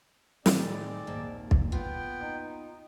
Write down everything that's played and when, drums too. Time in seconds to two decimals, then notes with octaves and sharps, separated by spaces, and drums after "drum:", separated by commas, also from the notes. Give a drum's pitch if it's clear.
0.46 A2 D#3 G#3 C4 G#4 D5, drum: snare
1.07 A#1 D#2 G#2 A#3 A5
1.51 drum: kick
1.72 B3 F4 G5
2.19 D#4